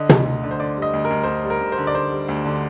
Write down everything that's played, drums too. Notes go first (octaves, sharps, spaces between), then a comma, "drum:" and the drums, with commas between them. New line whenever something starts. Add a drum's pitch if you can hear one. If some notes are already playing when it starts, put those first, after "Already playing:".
Already playing: D3 D#5
D2, drum: tom
D2
D3
C5
D3 D5
G3
D#5
D2
A#4
D2
C5
D2 A#4
G3
A#4
D2
C5
D3
D5
D3 C5
G3
D2
D3